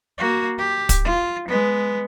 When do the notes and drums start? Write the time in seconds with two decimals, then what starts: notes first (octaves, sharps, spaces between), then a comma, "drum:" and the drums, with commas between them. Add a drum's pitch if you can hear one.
0.18 A#3 F#4
0.58 G4
0.89 drum: kick, hi-hat
1.05 F4
1.48 G#3 B3